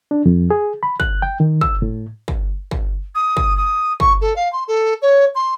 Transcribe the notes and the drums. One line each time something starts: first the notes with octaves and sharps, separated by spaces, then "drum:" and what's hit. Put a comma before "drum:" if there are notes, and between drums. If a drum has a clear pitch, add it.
D4
F2
G#4
B5
F#6, drum: kick
G5
D#3
E6, drum: kick
A2
drum: kick
drum: kick
D#6
drum: kick
D#6
C#6, drum: kick
A4
F5
C6
A4
C#5
C6